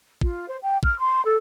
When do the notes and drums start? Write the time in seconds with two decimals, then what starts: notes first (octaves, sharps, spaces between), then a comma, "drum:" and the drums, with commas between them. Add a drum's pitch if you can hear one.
0.21 F4, drum: kick
0.47 C5
0.62 G5
0.83 F6, drum: kick
0.99 C6
1.23 A4